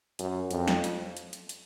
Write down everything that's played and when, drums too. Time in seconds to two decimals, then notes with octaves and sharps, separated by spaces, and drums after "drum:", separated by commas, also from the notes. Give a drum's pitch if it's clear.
0.19 F#2, drum: hi-hat
0.51 F2, drum: hi-hat
0.68 drum: snare
0.84 drum: hi-hat
1.17 drum: hi-hat
1.33 drum: hi-hat
1.49 drum: hi-hat